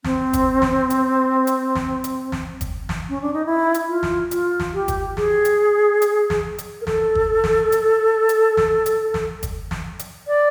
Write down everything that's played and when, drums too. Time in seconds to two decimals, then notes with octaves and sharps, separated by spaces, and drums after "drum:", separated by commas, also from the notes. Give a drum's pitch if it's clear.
0.04 C4, drum: snare
0.33 drum: kick, hi-hat
0.62 drum: snare
0.90 drum: hi-hat
1.47 drum: hi-hat
1.75 drum: snare
2.04 drum: hi-hat
2.32 drum: snare
2.61 drum: kick, hi-hat
2.89 drum: snare
3.09 C#4
3.22 D4
3.34 D#4
3.46 E4
3.74 drum: hi-hat
3.88 F4
4.03 drum: snare
4.31 F4, drum: hi-hat
4.60 drum: snare
4.74 G4
4.88 drum: kick, hi-hat
5.17 G#4, drum: snare
5.45 drum: hi-hat
6.02 drum: hi-hat
6.30 drum: snare
6.58 drum: hi-hat
6.81 A#4
6.87 A4, drum: snare
7.15 drum: kick
7.44 drum: snare
7.72 drum: hi-hat
8.29 drum: hi-hat
8.57 drum: snare
8.86 drum: hi-hat
9.14 drum: snare
9.43 drum: kick, hi-hat
9.71 drum: snare
9.99 drum: hi-hat
10.28 D5